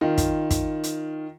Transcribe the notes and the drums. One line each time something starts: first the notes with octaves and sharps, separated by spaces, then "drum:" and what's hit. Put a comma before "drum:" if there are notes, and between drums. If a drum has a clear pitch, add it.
D#3 F4
drum: kick, hi-hat
drum: kick, hi-hat
drum: hi-hat